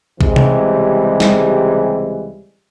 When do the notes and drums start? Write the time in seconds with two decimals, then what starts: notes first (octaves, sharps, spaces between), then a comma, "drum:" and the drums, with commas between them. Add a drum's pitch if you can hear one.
0.21 C#2 C3 E3 G3 G#3, drum: kick B1
0.36 drum: tom C3
1.20 drum: snare